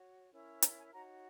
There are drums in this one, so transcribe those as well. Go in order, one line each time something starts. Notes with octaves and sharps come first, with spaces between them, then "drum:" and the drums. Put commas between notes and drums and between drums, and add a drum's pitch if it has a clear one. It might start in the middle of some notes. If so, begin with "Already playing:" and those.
Already playing: F#4 C#5
C#4 E4 A#4 C#5
A#5, drum: hi-hat
G#5
D#4 F#4 C#5 A#5